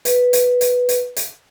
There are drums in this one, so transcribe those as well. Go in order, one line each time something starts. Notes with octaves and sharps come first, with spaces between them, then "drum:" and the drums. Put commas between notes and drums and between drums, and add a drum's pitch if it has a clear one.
B4, drum: hi-hat
drum: hi-hat
drum: hi-hat
drum: hi-hat
drum: hi-hat